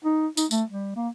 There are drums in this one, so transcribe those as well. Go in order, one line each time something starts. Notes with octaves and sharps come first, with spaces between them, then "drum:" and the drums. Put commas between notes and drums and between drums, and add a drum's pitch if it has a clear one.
D#4
D#4, drum: tambourine
A3, drum: tambourine
G3
A#3